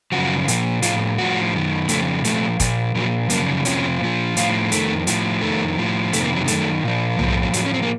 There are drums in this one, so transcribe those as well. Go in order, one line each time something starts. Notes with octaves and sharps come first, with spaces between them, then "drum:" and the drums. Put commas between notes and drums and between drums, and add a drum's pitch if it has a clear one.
F#2 C#3 F3 F#4
A#2 F3, drum: hi-hat
A2 F3 F4, drum: hi-hat
A2 F3 F#4
F#2 D#3
F2 C#3 F3 A3, drum: hi-hat
A#2 F3 A3, drum: hi-hat
A#2 F3, drum: kick, hi-hat
A#2 F3 F#3
F#2 C#3 F3 A#3, drum: hi-hat
F2 C3 F3 C#4, drum: hi-hat
A#2 F3
A2 F3 F4, drum: hi-hat
F2 D#3 A3, drum: hi-hat
A2 F3, drum: hi-hat
F2 D#3 A3
A2 F3
F2 C3 D#3 A3, drum: hi-hat
A#3
F#3
F#2 D#3 A3, drum: hi-hat
A#2 F3
A2 F3 A#3, drum: tom
A3
F#3
A2 F3 F#3, drum: hi-hat
C#4
C4
A#3